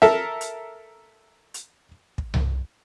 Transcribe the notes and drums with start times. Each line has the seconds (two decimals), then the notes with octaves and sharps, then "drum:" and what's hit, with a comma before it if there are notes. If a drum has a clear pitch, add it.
0.02 A4 A#4 E5, drum: snare
0.41 drum: hi-hat
1.54 drum: hi-hat
2.18 drum: kick
2.34 drum: tom C2